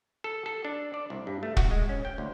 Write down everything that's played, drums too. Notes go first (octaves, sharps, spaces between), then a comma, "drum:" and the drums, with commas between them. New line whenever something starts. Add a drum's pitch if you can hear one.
A4
A4
D4
D5
C2
G2
A3
F#4, drum: kick
G#3
C#4
G5
D2